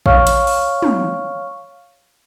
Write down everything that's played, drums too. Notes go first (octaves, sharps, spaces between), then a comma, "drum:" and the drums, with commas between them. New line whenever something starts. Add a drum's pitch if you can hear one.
C#5 F5 C#6 F6, drum: kick A#1
drum: hi-hat
drum: open hi-hat
drum: tom